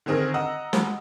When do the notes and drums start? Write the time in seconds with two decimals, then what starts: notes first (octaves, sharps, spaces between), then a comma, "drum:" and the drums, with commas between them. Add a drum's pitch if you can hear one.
0.06 D3 D#3 C4 G#4 A#4
0.34 D#5 F#5 A#5 D#6 E6
0.73 drum: snare